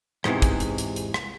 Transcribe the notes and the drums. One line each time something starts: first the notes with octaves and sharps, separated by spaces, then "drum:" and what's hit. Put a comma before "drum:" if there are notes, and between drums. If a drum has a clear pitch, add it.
E2 G#2 C3 E3, drum: rim click
drum: kick, hi-hat
drum: hi-hat
drum: hi-hat
drum: hi-hat
drum: rim click